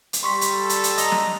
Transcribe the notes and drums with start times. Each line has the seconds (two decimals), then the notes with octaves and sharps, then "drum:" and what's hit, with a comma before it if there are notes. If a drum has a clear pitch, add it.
0.13 drum: hi-hat
0.23 G3 C6 C#6 B6
0.41 drum: hi-hat
0.53 A4
0.69 drum: hi-hat
0.84 drum: hi-hat
0.98 D#5 A#5, drum: hi-hat
1.12 drum: snare